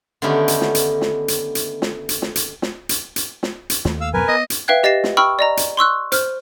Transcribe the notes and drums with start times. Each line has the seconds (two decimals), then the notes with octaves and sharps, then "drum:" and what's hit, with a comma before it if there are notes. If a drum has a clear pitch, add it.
0.22 D3 D#3 A3 B3 C#4 G4
0.48 drum: hi-hat
0.61 drum: snare
0.75 drum: hi-hat
1.01 drum: snare
1.28 drum: hi-hat
1.55 drum: hi-hat
1.82 drum: snare
2.09 drum: hi-hat
2.22 drum: snare
2.35 drum: hi-hat
2.62 drum: snare
2.89 drum: hi-hat
3.16 drum: hi-hat
3.43 drum: snare
3.70 drum: hi-hat
3.85 D#2 A3, drum: snare
4.01 F5 E6
4.14 F2 B2 F#3 A#4 B4 G#5
4.29 B3 D#5
4.50 drum: hi-hat
4.68 B4 E5 F5 G5 F#6 G#6
4.83 G4 D#5 A6 A#6 C7 E7
5.04 drum: snare
5.17 G5 B5 C#6 E6 F6
5.39 D5 D#5 A#5
5.57 drum: hi-hat
5.77 C6 C#6 E6 F#6
6.12 C5 F6, drum: hi-hat